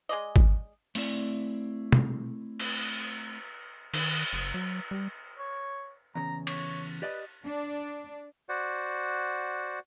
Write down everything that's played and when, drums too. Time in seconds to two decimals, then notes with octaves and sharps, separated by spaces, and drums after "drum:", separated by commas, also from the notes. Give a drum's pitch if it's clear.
0.09 G#3 G#4 D5 D#5
0.36 drum: kick G#1
0.95 A3 C4 E4 D5, drum: open hi-hat
1.92 drum: tom
2.60 drum: cymbal
3.94 D#3, drum: cymbal
4.33 F#1
4.54 F#3
4.91 G3
5.39 C#5
6.15 E2 C#3 A#5
6.47 C#5, drum: cymbal
7.02 G4 B4 D5 D#5
7.45 D4
8.49 F#4 C5 D5 F#5